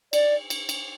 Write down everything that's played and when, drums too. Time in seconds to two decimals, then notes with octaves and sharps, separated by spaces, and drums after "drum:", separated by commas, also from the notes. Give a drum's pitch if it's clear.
0.13 D5, drum: cymbal
0.50 drum: cymbal
0.69 drum: cymbal